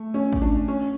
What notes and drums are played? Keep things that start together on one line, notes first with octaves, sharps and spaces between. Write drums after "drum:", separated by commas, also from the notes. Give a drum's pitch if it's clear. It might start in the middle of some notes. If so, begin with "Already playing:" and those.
Already playing: A3
C#4
drum: kick G#1
D4
C#4